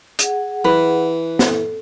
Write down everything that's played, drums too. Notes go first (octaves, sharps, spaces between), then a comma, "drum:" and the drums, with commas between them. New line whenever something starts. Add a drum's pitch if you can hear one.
G#4 F#5, drum: hi-hat
E3 B4
A4, drum: snare